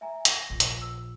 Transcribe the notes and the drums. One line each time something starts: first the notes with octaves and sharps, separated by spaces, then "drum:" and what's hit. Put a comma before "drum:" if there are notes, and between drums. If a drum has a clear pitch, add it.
E5 G#5 A#5
A#6, drum: hi-hat
A#1
drum: hi-hat
E6